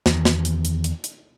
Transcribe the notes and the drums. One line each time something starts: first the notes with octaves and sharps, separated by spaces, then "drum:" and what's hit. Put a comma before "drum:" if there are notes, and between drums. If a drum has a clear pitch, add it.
E2 D#3, drum: snare
drum: snare
drum: hi-hat
drum: hi-hat
drum: hi-hat
drum: hi-hat